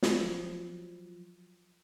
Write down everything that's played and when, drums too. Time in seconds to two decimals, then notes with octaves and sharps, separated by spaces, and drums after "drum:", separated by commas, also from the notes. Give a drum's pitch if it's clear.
0.03 F3 F#3, drum: snare